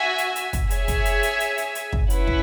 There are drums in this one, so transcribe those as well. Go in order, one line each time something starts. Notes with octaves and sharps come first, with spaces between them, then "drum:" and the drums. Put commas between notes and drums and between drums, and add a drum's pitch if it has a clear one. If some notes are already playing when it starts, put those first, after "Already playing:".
Already playing: F#4 E5 G#5
drum: hi-hat
drum: hi-hat
drum: kick, hi-hat
G#4 C#5 E5 G#5, drum: hi-hat
drum: kick, hi-hat
drum: hi-hat
drum: hi-hat
drum: hi-hat
drum: hi-hat
drum: hi-hat
drum: kick
C#4 E4 B4 F#5, drum: hi-hat
drum: kick